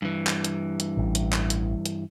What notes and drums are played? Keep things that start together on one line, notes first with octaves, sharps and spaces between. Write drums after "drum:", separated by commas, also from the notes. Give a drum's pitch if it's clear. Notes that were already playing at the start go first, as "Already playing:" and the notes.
G2 E3
drum: clap
drum: hi-hat
drum: hi-hat
A1
drum: hi-hat
drum: clap
drum: hi-hat
drum: hi-hat